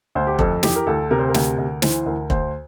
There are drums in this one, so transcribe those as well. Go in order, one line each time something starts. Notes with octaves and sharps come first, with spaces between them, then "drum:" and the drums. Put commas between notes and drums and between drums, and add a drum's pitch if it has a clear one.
D2 C5
G4
F2 A4, drum: kick
E3 G4, drum: snare
A#4
D2 A4
C3 A#4
C5
A#4
D2, drum: snare
D2
E3 C5, drum: snare
D2 A#4
D2 C5, drum: kick